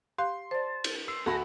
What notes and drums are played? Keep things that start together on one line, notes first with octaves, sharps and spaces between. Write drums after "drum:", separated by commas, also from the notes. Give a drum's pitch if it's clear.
G4 F5 C6 F#6
C5 D5 A5
drum: cymbal
C6 E6
D2 F#4 A4 B5 A#6